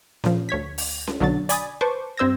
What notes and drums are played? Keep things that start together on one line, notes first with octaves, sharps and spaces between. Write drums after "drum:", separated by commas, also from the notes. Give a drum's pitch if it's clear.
A#2 F3, drum: snare C#4
D2 C#5 G#6 B6
drum: open hi-hat
drum: snare C#4
B1 D3 F#3 D4 A6
D5 G#5 B5 D#6 A6, drum: hi-hat
B4 C5 A5 C#6 D6
G2 C4 C5 E6 G#6 A#6